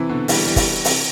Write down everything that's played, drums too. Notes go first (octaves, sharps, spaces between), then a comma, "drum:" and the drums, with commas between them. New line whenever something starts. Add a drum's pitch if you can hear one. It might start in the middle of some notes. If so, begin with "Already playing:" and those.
Already playing: C3 E3
B2 D3
E3 G3, drum: open hi-hat
E3 G3
drum: kick, open hi-hat
C3 E3, drum: open hi-hat